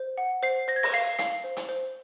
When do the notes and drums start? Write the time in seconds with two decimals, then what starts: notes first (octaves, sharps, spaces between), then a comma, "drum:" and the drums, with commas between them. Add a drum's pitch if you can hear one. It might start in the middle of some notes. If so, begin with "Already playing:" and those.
Already playing: C5
0.18 F#5
0.43 C5 C7
0.68 C5 A#6
0.76 G#6
0.83 A#6, drum: open hi-hat
0.93 F5 C7
1.19 F5 C7, drum: hi-hat
1.44 C5
1.57 drum: hi-hat
1.69 C5